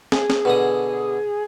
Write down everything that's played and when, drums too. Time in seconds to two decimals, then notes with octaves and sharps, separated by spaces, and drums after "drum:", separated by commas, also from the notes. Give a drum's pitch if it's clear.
0.12 G#4, drum: snare
0.30 drum: snare
0.45 B2 D3 D#6